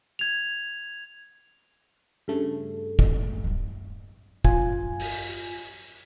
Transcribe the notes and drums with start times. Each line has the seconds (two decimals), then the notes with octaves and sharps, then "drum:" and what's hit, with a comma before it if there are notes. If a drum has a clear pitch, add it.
0.19 G#6 F7
2.28 G2 C#3 A3
2.99 G#1 B3, drum: kick
3.44 D1 G3
4.45 F4 G#5, drum: kick
5.00 drum: open hi-hat